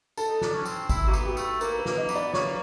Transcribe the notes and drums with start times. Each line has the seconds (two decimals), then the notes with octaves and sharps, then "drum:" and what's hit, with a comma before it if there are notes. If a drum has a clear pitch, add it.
0.17 A4, drum: tambourine
0.28 D#4
0.41 D4, drum: snare
0.54 C#4
0.65 C4, drum: tambourine
0.89 E4, drum: kick G#1, tambourine
1.07 A#3 F#4
1.13 B3, drum: tambourine
1.25 G4
1.37 A3, drum: tambourine
1.61 A#3 A#4, drum: tambourine
1.79 B4
1.85 A#3, drum: snare
1.98 D#5
2.09 B3, drum: tambourine
2.15 D5
2.33 A#3 C#5, drum: snare